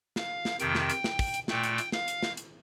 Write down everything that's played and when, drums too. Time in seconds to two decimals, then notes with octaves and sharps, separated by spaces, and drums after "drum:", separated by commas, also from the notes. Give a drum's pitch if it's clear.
0.16 F5, drum: snare
0.45 drum: snare
0.60 F2 C3 D#3 G5, drum: hi-hat
0.75 drum: snare
0.90 drum: hi-hat
1.04 drum: snare
1.19 drum: kick, open hi-hat
1.34 drum: hi-hat
1.48 A#2 A3 G5, drum: snare
1.63 drum: hi-hat
1.78 drum: hi-hat
1.92 F5, drum: snare
2.08 drum: hi-hat
2.23 drum: snare
2.37 drum: hi-hat